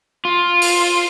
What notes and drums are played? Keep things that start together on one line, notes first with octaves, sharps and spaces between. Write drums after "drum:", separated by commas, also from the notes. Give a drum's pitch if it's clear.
F4
drum: open hi-hat